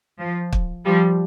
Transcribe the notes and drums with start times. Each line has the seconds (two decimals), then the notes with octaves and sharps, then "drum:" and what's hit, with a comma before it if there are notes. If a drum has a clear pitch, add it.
0.20 F3
0.53 drum: kick
0.85 F3 G3